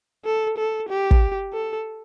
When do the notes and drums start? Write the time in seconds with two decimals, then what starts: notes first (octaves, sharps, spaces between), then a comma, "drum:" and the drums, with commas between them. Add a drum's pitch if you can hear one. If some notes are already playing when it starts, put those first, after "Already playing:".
0.25 A4
0.58 A4
0.89 G4
1.11 drum: kick
1.53 A4